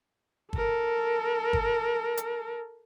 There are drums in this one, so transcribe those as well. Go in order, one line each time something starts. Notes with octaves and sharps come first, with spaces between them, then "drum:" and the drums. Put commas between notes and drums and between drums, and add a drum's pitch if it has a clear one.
A4 A#4, drum: kick G1
drum: kick G1
drum: hi-hat